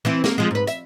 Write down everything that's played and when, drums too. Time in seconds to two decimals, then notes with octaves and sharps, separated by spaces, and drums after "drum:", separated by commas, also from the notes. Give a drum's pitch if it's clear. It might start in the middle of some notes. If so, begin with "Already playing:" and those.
0.05 E3 C4 E4
0.24 A#3, drum: snare
0.38 F3 G#3
0.51 G#2 B4
0.67 E5, drum: hi-hat